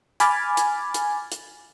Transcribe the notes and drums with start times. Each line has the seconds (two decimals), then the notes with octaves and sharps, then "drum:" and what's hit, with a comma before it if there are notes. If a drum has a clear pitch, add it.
0.20 G#5 B5 D6 F6 G#6 A6, drum: hi-hat
0.57 drum: hi-hat
0.94 drum: hi-hat
1.32 drum: hi-hat